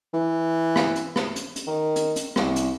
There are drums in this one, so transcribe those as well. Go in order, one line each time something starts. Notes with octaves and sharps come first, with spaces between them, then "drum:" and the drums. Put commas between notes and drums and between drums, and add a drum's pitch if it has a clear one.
E3
drum: rim click
drum: hi-hat
drum: rim click
drum: hi-hat
drum: hi-hat
D#3
drum: hi-hat
drum: hi-hat
C2, drum: rim click
drum: hi-hat